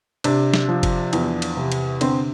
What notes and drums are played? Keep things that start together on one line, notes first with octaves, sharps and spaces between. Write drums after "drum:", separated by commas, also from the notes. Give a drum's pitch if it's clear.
C3 D4, drum: cymbal
drum: snare
F3
drum: kick F#1, cymbal
E2, drum: cymbal
drum: cymbal
C3
drum: cymbal
D3 C4, drum: cymbal